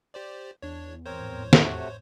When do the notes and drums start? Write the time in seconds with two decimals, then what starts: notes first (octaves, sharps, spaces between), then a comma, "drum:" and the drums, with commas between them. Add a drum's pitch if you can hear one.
0.14 G4 C5 D5
0.62 E2 D4 C#5
1.06 G#1 F2 A2 C4 A#4 C5 C#5
1.53 C3 A3 F#4, drum: snare